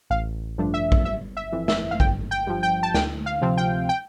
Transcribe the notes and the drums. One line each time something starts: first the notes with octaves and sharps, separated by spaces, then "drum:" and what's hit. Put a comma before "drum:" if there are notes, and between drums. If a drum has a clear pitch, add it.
A1 F5
G2 F3 A3 D4
E5
drum: kick A#1
G1 E5
E5
F2 E3
E5, drum: snare
F5
G1 G5, drum: kick A#1
G5
G2 F3
G5
A5
D2 G5, drum: snare
F5
C3 F3 C4
G5
G5